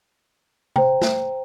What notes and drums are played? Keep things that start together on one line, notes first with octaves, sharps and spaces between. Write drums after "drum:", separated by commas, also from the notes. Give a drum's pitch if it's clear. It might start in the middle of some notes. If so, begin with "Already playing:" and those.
C5 G5 A#5, drum: tom C3
drum: snare